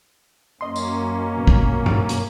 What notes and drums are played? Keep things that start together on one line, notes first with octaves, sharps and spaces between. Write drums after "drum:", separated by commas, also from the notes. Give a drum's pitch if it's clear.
F#2 A#3 C#4 D#5 C6
drum: tambourine
B2
drum: kick
drum: tom G2
drum: hi-hat